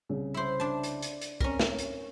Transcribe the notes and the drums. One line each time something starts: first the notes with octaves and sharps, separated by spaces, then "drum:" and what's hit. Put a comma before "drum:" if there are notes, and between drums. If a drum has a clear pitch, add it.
C2 C#3
E4 C5
D4 A5
drum: hi-hat
drum: hi-hat
drum: hi-hat
C4 C#4 A#4, drum: kick
drum: snare
drum: hi-hat